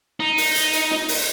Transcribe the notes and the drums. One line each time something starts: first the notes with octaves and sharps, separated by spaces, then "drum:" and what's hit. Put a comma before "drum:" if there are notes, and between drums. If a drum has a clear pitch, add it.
D#4
drum: open hi-hat
drum: hi-hat
drum: hi-hat
drum: snare
drum: open hi-hat